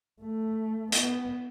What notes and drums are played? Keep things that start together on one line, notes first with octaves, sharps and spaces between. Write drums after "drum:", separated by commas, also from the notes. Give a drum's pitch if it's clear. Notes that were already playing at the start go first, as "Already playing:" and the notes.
A3
B3, drum: hi-hat